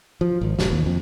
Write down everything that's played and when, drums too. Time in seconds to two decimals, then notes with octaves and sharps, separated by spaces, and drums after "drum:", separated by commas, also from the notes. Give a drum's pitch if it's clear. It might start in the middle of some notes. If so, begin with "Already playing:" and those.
0.21 F3
0.41 G#1
0.59 E1, drum: snare
0.72 D#2
0.86 F2